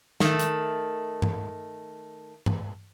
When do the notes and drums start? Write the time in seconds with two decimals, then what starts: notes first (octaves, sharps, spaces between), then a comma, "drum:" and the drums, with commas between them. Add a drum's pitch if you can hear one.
0.20 D#3 A3, drum: snare
0.39 drum: hi-hat
1.22 drum: tom G2
2.46 drum: tom G2